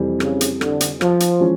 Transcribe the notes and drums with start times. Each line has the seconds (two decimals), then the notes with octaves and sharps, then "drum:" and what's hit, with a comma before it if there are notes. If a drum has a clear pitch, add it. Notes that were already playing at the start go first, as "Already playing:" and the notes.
Already playing: F2 C3 E3 G3 C4
0.20 C#3, drum: rim click
0.41 drum: hi-hat
0.61 D3, drum: rim click
0.81 drum: hi-hat
1.01 F3, drum: rim click
1.20 drum: hi-hat
1.40 E3 G#3 C#4 F4